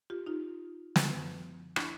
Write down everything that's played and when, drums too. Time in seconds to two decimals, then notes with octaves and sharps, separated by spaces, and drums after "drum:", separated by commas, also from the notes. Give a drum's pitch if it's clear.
0.10 F4 G4
0.26 D#4 F4
0.96 drum: snare
1.10 F#2 D3 F3
1.76 D4 E4, drum: rim click